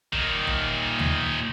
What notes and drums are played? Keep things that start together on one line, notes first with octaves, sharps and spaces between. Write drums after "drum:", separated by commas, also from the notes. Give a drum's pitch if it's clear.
A#2 D#3, drum: kick G1
drum: kick G1
drum: tom